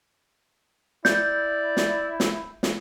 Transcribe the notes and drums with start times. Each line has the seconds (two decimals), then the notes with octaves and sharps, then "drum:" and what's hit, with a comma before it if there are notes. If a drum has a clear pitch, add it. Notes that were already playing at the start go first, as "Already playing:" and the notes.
1.05 E4 D5 G6, drum: snare
1.77 drum: snare
2.20 drum: snare
2.63 drum: snare